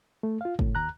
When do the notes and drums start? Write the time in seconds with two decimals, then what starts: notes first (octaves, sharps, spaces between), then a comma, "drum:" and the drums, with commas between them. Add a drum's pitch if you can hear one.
0.23 A3
0.41 F4 F5
0.59 C#2 A2, drum: kick
0.75 D#2 A#5 F#6